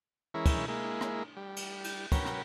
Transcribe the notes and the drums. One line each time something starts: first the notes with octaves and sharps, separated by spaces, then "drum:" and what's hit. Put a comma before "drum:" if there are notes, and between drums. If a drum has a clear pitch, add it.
E3 G#3 C#4 E4 A#4
drum: kick, cymbal
G#3 A#3 E4
drum: rim click
G3
drum: cymbal
drum: cymbal
F#3 C#4 A#4 B4 G5, drum: kick, cymbal
drum: rim click